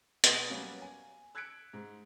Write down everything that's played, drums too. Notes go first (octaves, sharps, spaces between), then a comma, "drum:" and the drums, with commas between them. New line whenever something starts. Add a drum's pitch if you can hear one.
B2 B3 G#5 C6 D#6, drum: hi-hat
F#3 G3 A#3 B3 C#4 G4
G#5
E6 F#6 G#6 B6 C#7 D7
G#2